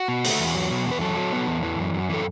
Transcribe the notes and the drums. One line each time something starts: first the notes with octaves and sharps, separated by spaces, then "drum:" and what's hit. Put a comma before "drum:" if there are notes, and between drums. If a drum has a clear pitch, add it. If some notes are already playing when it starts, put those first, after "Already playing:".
Already playing: F#4
B2
A3, drum: open hi-hat
E2
F#3
B2
E2
B4
F#3 A4
F#3
B3
E2
E3
F#2
F#2
E3 A4